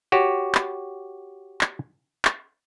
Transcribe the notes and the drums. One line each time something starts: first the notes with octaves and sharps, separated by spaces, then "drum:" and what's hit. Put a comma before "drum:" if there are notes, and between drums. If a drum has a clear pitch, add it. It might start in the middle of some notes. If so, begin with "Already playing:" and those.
F#4 G4 C#5
drum: clap
drum: clap
drum: clap